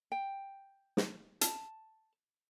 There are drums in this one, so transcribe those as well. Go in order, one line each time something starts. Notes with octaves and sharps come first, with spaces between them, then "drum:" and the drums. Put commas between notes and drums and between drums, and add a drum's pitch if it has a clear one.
G5
drum: snare
A5, drum: hi-hat